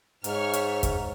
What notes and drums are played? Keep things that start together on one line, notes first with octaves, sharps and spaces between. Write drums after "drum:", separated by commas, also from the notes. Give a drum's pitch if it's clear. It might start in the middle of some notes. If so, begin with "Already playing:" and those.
G#2 C#5 E5 F6, drum: hi-hat
drum: hi-hat
drum: kick, hi-hat